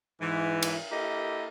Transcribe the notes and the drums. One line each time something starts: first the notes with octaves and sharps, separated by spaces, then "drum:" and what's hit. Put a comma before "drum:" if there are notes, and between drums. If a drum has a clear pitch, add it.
G#2 E3
drum: cymbal
A#3 E4 G4 A4 D#5